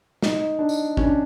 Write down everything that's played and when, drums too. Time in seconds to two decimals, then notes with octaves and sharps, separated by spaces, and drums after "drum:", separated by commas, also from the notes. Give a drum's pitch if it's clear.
0.22 D#4, drum: snare
0.59 D4
0.69 drum: tambourine
0.97 C#4, drum: kick
1.04 D4